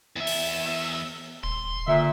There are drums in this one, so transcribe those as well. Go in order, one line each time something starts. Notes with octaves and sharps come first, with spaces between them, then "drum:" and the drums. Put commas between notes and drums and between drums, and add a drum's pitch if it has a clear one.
E2 E5
drum: open hi-hat
D#1 C6
A#2 D3 E5